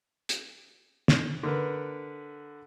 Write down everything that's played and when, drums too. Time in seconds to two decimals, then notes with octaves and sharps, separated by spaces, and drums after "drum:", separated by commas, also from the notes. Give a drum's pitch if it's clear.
0.29 drum: hi-hat
1.08 drum: snare
1.43 D3 A#4 B4